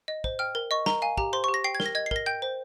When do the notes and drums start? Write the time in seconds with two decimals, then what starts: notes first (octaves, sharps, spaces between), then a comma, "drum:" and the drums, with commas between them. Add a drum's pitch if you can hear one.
0.08 D#5
0.24 C5, drum: kick
0.39 G5 F6
0.55 A#4
0.71 D#5 C#6
0.86 A#4 A#5, drum: snare
1.02 F5 G#5
1.18 G4 A#5, drum: kick
1.33 C5 C6
1.44 C#6
1.48 G4
1.54 A#6
1.64 G5 C7
1.75 G#6
1.80 A#4, drum: snare
1.86 A#6
1.95 D#5 G#6
2.06 C7
2.11 A#4 A#6, drum: kick
2.26 G5 G6
2.42 C5